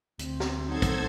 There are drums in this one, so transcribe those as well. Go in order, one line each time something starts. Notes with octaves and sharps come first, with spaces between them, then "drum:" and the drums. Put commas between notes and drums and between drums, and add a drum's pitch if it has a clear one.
D2 C4, drum: hi-hat
drum: snare
F#3 D#4 A4 C5 G#6
drum: kick, hi-hat